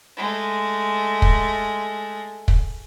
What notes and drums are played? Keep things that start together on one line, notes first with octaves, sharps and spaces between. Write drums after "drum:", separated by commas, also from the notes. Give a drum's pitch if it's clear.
G#3 A3
drum: kick
drum: kick